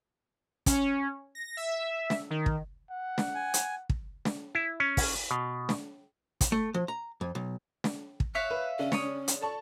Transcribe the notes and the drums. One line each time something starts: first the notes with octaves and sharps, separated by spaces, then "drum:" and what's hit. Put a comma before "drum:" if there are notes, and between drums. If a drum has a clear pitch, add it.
C#4, drum: kick, hi-hat
A#6
E5
drum: snare
D#3
drum: kick
F#5
drum: snare
G#5
drum: hi-hat
drum: kick
drum: snare
E4
C#4
drum: kick, open hi-hat
B2
drum: snare
drum: kick, hi-hat
A3
F3
A#5
F2
B1
drum: snare
drum: kick
C#5 E5 F5 F#6
B4
C#3 C#4 D4
C#5 D#6, drum: snare
drum: hi-hat
A4 D5 A5 C#6